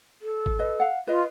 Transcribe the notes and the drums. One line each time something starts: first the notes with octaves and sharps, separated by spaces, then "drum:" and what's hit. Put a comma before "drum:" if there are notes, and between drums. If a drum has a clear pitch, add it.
A4
drum: kick G#1
B4 D#5
F5 F#5
F4 B4 D#5